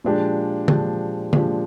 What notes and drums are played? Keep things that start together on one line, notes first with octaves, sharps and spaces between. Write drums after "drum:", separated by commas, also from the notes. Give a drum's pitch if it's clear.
A#2 F3 G#3 D4 G4
A#2 F3 G#3 D4 G4, drum: tom D3
A#2 F3 G#3 D4 G4, drum: tom D3